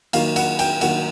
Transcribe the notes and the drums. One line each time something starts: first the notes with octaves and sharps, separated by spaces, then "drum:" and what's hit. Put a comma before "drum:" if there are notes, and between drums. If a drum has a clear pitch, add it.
D#3 F#3 A#3 F5, drum: cymbal
F#5, drum: cymbal
G5, drum: cymbal
D#3 F#3 A#3 F#5, drum: cymbal